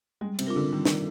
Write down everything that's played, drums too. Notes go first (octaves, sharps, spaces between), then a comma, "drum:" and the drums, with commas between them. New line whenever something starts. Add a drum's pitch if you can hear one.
G3 G#3
C3, drum: cymbal
D4 F4 A#4
D3
D#3 G3
D#3, drum: snare